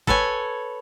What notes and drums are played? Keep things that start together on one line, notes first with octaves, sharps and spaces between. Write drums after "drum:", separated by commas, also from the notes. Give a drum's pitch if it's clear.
A4 B4 C#5 G#5, drum: kick